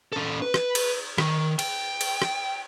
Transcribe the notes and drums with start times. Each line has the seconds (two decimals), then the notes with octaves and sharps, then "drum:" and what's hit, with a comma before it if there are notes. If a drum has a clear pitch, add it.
0.13 C#4 A4
0.42 B4
0.54 drum: rim click
0.75 drum: cymbal
1.18 D#3, drum: rim click
1.59 G5, drum: cymbal
2.01 drum: cymbal
2.22 drum: rim click